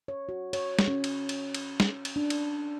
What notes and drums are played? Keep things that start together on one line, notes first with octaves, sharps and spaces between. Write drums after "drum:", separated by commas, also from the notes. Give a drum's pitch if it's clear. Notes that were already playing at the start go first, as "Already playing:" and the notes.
C#5
F#4
C#5, drum: cymbal
drum: snare
C#4
drum: cymbal
drum: cymbal
drum: cymbal
drum: snare
drum: cymbal
D4
drum: cymbal